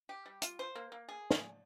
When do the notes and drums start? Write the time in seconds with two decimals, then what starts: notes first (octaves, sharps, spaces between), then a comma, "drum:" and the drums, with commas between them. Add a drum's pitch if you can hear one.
0.09 G4
0.26 G3
0.42 F4, drum: hi-hat
0.59 C5
0.75 A#3
0.92 A#3
1.09 G#4
1.31 drum: snare